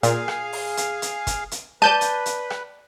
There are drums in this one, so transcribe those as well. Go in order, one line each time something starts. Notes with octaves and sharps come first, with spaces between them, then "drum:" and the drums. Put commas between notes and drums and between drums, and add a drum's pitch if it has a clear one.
A#2 G#4 F5, drum: hi-hat
drum: rim click
drum: open hi-hat
drum: hi-hat
drum: hi-hat
drum: kick, hi-hat
drum: hi-hat
B4 D5 A5 G6 D#7
drum: hi-hat
drum: hi-hat
drum: rim click